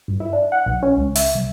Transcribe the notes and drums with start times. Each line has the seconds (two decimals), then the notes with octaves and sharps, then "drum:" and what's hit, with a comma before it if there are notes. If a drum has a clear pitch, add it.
0.08 G2
0.20 E4
0.33 D4
0.52 F#5
0.66 B1
0.82 C#4
0.97 C#2
1.16 E5, drum: open hi-hat
1.34 C2